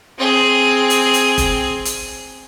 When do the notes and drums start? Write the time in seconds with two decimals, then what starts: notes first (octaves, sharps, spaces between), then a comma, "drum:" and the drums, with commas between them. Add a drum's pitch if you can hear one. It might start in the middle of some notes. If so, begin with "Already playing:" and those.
0.18 C4 G#4
0.90 drum: hi-hat
1.14 drum: hi-hat
1.38 drum: kick F1, hi-hat
1.85 drum: hi-hat